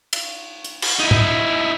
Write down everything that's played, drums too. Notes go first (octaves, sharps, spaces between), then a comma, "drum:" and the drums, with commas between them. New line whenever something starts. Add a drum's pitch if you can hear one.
drum: cymbal
drum: hi-hat
drum: cymbal
D#4 E4
drum: tom